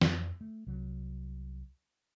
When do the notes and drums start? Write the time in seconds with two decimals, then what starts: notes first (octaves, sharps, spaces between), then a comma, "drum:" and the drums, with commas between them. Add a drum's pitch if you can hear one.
0.01 F2, drum: snare
0.41 A3
0.67 C2 F#3